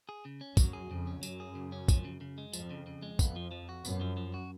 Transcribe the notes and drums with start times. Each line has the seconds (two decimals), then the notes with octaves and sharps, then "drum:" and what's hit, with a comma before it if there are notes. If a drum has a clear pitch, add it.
0.09 G#4
0.25 C#3
0.41 C#4
0.57 F#2 F#3, drum: kick, tambourine
0.73 G#4
0.91 F2 C#3
1.07 C#4
1.23 F#2 F#3, drum: tambourine
1.40 G#4
1.55 C#3
1.72 C#4
1.88 F3, drum: kick, tambourine
2.05 C#3
2.21 C#3
2.38 G#3
2.53 F2 F3, drum: tambourine
2.70 C#3
2.87 C#3
3.02 G#3
3.19 F2 B3, drum: kick, tambourine
3.36 F3
3.51 F3
3.69 F#4
3.85 F#2 B3, drum: tambourine
4.01 F3
4.17 F3
4.34 F#4